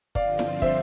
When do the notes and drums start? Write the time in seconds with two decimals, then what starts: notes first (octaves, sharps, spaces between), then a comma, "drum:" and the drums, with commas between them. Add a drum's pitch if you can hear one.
0.15 G2 D3 F3 C4 F4 D5 F5, drum: kick
0.39 drum: snare E4
0.62 C5 E5, drum: kick